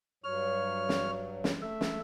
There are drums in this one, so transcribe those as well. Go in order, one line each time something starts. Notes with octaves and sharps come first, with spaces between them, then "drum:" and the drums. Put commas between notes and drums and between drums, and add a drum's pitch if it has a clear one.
G2 F#3 C#5 F6
drum: snare
drum: snare
A3 E5
drum: snare